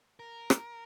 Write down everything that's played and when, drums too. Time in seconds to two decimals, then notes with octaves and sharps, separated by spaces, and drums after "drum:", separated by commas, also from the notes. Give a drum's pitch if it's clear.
0.20 A#4
0.50 drum: rim click